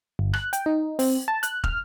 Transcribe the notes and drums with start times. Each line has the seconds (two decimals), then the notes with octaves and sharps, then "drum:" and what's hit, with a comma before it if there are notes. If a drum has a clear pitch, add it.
0.19 G1
0.33 F#6, drum: rim click
0.53 G5, drum: hi-hat
0.66 D#4
0.99 C4, drum: open hi-hat
1.28 A5
1.43 F#6, drum: hi-hat
1.64 F6, drum: kick